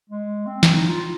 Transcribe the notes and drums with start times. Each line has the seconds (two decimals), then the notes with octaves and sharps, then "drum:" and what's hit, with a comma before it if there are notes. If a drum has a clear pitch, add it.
0.10 G#3
0.47 C4
0.63 drum: snare
0.75 D#4
0.89 F4